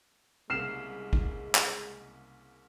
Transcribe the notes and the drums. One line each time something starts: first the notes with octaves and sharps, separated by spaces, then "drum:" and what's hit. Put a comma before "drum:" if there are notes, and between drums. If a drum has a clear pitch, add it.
C2 C#3 G#3 A#3 F6 C7 E7
drum: kick
drum: clap